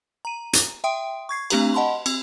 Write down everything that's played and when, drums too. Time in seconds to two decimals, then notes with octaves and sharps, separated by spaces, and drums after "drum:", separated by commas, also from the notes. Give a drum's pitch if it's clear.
0.25 A#5 D#7
0.53 drum: hi-hat
0.84 E5 G5 C6 D#6 D7
1.29 C#6 G#6 C7
1.50 A3 C4 D4 G4 A#5 F#7, drum: cymbal
1.74 D#5 F#5 A5 B5 C6
2.06 C4, drum: cymbal